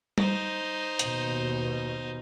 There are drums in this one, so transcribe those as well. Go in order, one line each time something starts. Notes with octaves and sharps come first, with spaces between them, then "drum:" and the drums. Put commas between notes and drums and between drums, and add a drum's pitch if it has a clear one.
D#4 C5, drum: tom G3
D#2 B2, drum: hi-hat